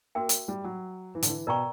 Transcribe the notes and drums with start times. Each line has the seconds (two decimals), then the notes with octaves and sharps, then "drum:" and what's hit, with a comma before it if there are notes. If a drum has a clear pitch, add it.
0.15 A#3 F#4 A#4 E5 G5
0.29 drum: hi-hat
0.48 G3
0.64 F#3
1.15 E3
1.23 D3, drum: hi-hat
1.29 E3
1.47 B2 A#4 D5 G5 A#5 C#6